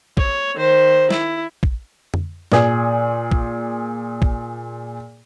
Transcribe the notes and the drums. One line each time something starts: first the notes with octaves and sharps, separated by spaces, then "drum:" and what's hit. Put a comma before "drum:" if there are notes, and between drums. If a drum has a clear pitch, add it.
C#5, drum: kick
D#3 C5
E4, drum: snare
drum: kick
drum: tom F2
A#2 G#4, drum: snare
drum: kick
drum: kick